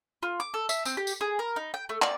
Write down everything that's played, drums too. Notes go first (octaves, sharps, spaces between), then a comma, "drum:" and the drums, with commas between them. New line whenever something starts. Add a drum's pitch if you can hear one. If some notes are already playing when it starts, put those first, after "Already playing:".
F4
D6
A4
E5, drum: tambourine
C4, drum: tambourine
G4
drum: tambourine
G#4
A#4
D#4
G5
A3
D5, drum: clap